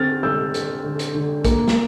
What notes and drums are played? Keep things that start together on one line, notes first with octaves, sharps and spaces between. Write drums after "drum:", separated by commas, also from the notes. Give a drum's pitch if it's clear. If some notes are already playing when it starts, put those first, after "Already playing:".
Already playing: D3 C4 F6 A6
D3 E6 G6
D3, drum: hi-hat
D3
drum: hi-hat
D3
A#3, drum: kick, hi-hat
drum: snare